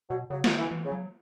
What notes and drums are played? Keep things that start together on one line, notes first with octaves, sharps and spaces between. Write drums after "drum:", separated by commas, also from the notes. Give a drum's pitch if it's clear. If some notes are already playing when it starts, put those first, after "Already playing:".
B2 F#3
C#3 F#3
E3, drum: snare
D#3
E3
E3
C#3
F#3